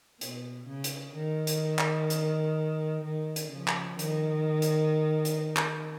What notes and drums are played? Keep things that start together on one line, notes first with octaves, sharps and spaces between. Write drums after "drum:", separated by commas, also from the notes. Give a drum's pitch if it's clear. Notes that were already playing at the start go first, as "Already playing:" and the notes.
B2, drum: hi-hat
C#3
drum: hi-hat
D#3
drum: hi-hat
drum: clap
drum: hi-hat
D#3
drum: hi-hat
C#3 F3
drum: clap
D#3, drum: hi-hat
drum: hi-hat
drum: hi-hat
drum: clap